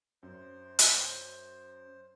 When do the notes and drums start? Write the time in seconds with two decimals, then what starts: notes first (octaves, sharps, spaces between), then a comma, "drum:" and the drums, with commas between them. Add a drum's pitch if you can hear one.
0.23 F#2 C5
0.79 drum: hi-hat